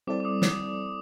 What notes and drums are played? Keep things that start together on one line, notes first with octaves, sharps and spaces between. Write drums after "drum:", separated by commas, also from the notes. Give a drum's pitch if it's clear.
G3 C4 E4 A4 D5 D6
D6
D#6
D#6, drum: snare